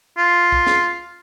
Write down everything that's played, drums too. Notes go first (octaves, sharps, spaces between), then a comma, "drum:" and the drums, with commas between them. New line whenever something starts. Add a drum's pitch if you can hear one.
F4
drum: kick
drum: snare